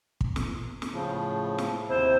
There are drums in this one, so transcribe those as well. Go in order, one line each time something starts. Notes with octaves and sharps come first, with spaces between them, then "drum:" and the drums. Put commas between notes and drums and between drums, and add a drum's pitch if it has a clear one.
drum: kick
drum: snare
drum: snare
A2 C#3 F3
drum: snare
D#2 C3 E4 C5